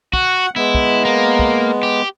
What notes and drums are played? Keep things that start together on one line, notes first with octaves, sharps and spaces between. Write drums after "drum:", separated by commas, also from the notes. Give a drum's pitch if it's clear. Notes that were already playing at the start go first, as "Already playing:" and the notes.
F#4 F#5, drum: kick
G#3 B3 E4
drum: kick
A#3
drum: kick
G4